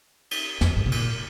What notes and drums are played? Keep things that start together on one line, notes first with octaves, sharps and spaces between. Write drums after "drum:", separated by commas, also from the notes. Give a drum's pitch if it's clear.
drum: cymbal
F2, drum: snare
G#2
C3
A#2, drum: cymbal